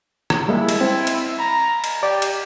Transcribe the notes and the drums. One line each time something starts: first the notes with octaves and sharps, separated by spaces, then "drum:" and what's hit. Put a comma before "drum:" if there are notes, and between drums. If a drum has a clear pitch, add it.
drum: rim click
G3 G#3 A#3 E4
drum: cymbal
C4
drum: cymbal
A#5 B5
drum: cymbal
G4 D5
drum: cymbal